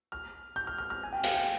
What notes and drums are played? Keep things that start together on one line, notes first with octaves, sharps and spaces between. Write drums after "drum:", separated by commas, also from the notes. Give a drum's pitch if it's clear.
F6
G6
F6
F6
F6
G#5
G5
F5, drum: hi-hat
G5